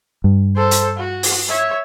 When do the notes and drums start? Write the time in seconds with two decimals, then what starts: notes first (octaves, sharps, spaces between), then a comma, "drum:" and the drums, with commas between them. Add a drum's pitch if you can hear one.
0.24 G2
0.56 A4 C5
0.71 drum: hi-hat
0.97 F#4
1.23 drum: open hi-hat
1.49 C#5 E5